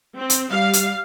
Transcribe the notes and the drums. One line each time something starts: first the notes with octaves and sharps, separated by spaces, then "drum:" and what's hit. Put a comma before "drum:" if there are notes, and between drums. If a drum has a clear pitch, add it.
C4
drum: hi-hat
G3 F5
drum: hi-hat